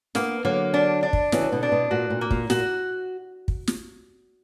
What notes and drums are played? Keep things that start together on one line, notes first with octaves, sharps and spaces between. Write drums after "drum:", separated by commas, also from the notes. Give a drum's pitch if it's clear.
A#3 B3 D4, drum: snare
D3 F#3 A#3
D4
D4
drum: kick
C#3 E3 F#4, drum: snare
B2 D3
D4
B2
A#2 F#4
A#2
A#3
A#2, drum: kick
A#2 F#4, drum: snare
drum: kick
drum: snare